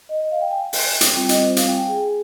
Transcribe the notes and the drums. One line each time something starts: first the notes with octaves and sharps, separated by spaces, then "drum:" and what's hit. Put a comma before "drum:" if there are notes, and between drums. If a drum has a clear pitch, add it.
D#5
D#5
F5
G5
G#5
G5
drum: open hi-hat
drum: hi-hat
G3 C4 F4 G5
D#5, drum: hi-hat
C5
F5, drum: hi-hat
G5
G#5
G5
G#4
G#4